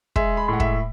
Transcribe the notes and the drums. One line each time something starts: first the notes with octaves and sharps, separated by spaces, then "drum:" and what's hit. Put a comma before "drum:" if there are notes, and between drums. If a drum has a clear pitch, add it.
G#3 E5, drum: kick
B5
A2 F#5
E5, drum: kick